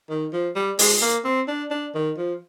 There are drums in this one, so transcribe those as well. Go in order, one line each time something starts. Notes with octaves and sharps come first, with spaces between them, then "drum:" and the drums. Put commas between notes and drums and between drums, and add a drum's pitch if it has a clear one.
D#3
F3
G3
G#3, drum: open hi-hat
A#3
C4
D4
D4
D#3
F3